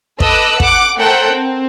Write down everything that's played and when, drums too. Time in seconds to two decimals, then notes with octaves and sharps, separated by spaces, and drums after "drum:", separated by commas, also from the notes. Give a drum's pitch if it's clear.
0.20 A4 B4 D#5 D6 E6 F#6, drum: kick
0.60 F#5 D6, drum: kick
0.99 A3 A4 A#4 C5 F#5 G5
1.33 C4